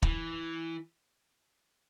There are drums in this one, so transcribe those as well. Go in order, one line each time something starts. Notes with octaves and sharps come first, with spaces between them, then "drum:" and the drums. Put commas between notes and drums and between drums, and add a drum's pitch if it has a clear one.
E3, drum: kick